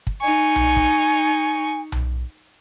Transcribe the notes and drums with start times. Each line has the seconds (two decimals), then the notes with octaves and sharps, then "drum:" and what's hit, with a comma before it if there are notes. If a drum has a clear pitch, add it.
0.07 drum: kick
0.21 D#4 G#5 C#6
0.56 drum: tom B1
0.76 drum: kick
1.92 drum: tom B1